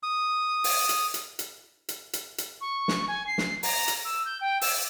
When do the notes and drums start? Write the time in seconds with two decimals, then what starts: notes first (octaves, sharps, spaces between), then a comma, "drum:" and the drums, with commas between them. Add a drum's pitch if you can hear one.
0.03 D#6
0.64 drum: open hi-hat
0.89 drum: hi-hat
1.14 drum: hi-hat
1.39 drum: hi-hat
1.89 drum: hi-hat
2.13 drum: hi-hat
2.38 drum: hi-hat
2.61 C#6
2.88 drum: snare
3.08 G#5
3.27 C7
3.38 drum: snare
3.63 A#5, drum: open hi-hat
3.88 drum: hi-hat
4.05 E6
4.25 G6
4.41 G5
4.61 E6, drum: open hi-hat